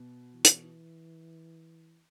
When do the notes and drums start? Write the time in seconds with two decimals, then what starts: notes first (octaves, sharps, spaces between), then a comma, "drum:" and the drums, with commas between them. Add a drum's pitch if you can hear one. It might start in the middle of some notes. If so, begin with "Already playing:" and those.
Already playing: B2
0.34 E3
0.45 drum: hi-hat